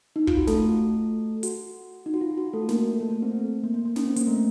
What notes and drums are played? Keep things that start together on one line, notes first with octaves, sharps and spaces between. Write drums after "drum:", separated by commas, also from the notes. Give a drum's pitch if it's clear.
D#4
F4, drum: kick
F#4
A3 A4, drum: snare
F#4, drum: hi-hat
D#4
F#4
F4
F#4
A3 A4
A#3 A#4, drum: snare
A3 A4
A#3
C4
A3
A#3
A#3
A#3
C#4, drum: snare
C4
A#3, drum: hi-hat
A3